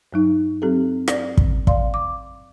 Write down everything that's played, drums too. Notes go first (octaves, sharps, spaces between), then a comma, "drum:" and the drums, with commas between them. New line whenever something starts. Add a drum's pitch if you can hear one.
G2 F#3 D#4
F#3 C4 G4 A4
D5 A#6, drum: rim click
drum: kick
D5 F5 C6, drum: kick
D6